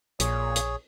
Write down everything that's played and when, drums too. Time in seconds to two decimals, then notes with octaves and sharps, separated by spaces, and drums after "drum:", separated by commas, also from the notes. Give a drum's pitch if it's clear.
0.20 A#1 A#2 G#4 C#5, drum: hi-hat
0.56 drum: hi-hat